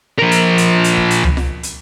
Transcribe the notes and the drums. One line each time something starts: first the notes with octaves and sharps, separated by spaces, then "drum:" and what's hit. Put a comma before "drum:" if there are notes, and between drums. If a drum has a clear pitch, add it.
F3 A#4
drum: hi-hat
drum: hi-hat
drum: hi-hat
drum: kick
drum: hi-hat
drum: tom C#2
drum: snare F4
drum: hi-hat